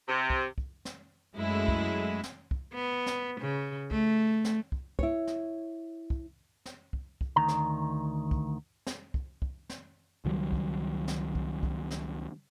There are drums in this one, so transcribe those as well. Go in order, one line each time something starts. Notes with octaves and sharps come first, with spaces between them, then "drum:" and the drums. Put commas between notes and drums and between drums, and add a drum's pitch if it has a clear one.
C3
drum: kick
drum: kick
drum: snare
F#2 F#3 G#3 A3 E4
drum: kick
drum: snare
drum: kick
B3
drum: snare
C#3
A3, drum: kick
drum: snare
drum: kick
E4 C#5, drum: kick
drum: snare
drum: kick
drum: snare
drum: kick
drum: kick
D2 D#3 A#5
drum: snare
drum: kick
drum: snare
drum: kick
drum: kick
drum: snare
C#2 D#3 F#3 G3
drum: kick
drum: snare
drum: kick
drum: kick
drum: snare